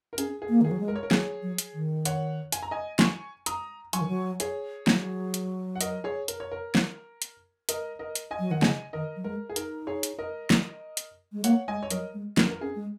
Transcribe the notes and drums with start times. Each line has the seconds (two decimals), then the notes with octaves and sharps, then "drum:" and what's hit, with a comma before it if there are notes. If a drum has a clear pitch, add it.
0.13 A#4
0.18 C#4 G#4, drum: hi-hat
0.42 G#4
0.49 A#3
0.61 D#3 G#4
0.71 F#3
0.80 G#3
0.88 A#4
0.96 C#5
1.03 A#4
1.11 F#3 G#4 C#5, drum: snare
1.43 F#3
1.58 drum: hi-hat
1.74 D#3
2.05 C#5 F#5, drum: hi-hat
2.52 G#5, drum: hi-hat
2.63 A#5
2.71 D#5 G#5
2.99 G#5 C#6, drum: snare
3.46 A#5 D#6, drum: hi-hat
3.93 F#3 G#5 C#6, drum: hi-hat
4.01 D#3
4.08 F#3
4.40 G#4 C#5, drum: hi-hat
4.87 F#3, drum: snare
5.34 drum: hi-hat
5.75 F#5
5.81 A#4 D#5, drum: hi-hat
6.04 G#4 C#5
6.28 A#4, drum: hi-hat
6.40 C#5
6.52 A#4
6.75 drum: snare
7.22 drum: hi-hat
7.69 A#4 D#5, drum: hi-hat
7.99 A#4 D#5
8.15 drum: hi-hat
8.31 D#5 G#5
8.39 F#3
8.51 D#3 F#5
8.62 C#3 D#5 G#5, drum: snare
8.93 D#3 A#4 D#5
9.16 F#3
9.24 G#3 A#4
9.50 G#4
9.56 D#4 A#4, drum: hi-hat
9.87 G#4 C#5
10.03 drum: hi-hat
10.19 A#4 D#5
10.50 drum: snare
10.97 drum: hi-hat
11.33 G#3
11.44 A#3 C#5 F#5, drum: hi-hat
11.68 G#3 D#5 G#5
11.83 C#5
11.90 F#3 A#4 D#5, drum: hi-hat
12.14 G#3
12.37 C#4 A#4, drum: snare
12.51 A#4
12.61 C#4 G#4
12.75 G#3